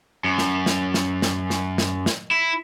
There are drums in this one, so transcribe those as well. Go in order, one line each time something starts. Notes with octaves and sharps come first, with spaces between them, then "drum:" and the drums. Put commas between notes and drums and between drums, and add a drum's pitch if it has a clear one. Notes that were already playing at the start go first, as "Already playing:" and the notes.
F#2
drum: snare
drum: snare
drum: snare
drum: snare
drum: snare
drum: snare
drum: snare
E4